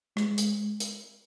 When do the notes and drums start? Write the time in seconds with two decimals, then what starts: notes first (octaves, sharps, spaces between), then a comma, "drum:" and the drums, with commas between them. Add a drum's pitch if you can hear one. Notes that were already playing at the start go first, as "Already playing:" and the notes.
0.17 G#3, drum: rim click
0.38 drum: hi-hat
0.80 drum: hi-hat